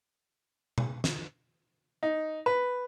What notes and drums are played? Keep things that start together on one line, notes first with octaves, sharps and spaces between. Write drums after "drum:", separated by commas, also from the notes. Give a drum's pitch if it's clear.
drum: tom B2
drum: snare
D#4
B4